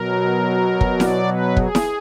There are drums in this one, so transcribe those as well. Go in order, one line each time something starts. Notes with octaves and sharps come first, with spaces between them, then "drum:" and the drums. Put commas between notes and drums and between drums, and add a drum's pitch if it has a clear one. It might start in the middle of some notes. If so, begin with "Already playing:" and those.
Already playing: B2 F#3 A#4
drum: kick
D5, drum: snare E4
B4
G#4, drum: kick
drum: snare E4